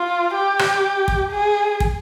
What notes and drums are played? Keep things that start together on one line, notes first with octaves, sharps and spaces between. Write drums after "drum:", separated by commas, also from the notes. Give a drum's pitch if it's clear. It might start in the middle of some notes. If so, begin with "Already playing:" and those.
Already playing: F4
G4
drum: rim click
drum: kick
G#4
drum: kick